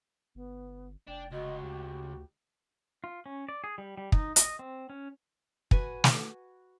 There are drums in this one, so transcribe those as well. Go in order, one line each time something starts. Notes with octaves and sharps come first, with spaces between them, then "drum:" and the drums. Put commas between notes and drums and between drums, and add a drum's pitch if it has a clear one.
G1 B3
F1 D4 G5
C#2 F#4 D#5
D2 G4
F4
C#4
D5
G#4
G3
G3
D#4, drum: kick
D#5, drum: hi-hat
C4
C#4
F#4 B4 G#5, drum: kick
drum: snare